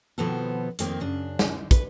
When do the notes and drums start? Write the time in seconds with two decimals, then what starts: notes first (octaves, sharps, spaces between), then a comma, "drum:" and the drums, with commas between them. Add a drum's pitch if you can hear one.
0.18 B2 D#3 F3 B3 C4 A4
0.79 F2 D#3 A#3 C4, drum: hi-hat
1.01 F#2 C#3 D4
1.39 drum: snare
1.71 B4, drum: kick, hi-hat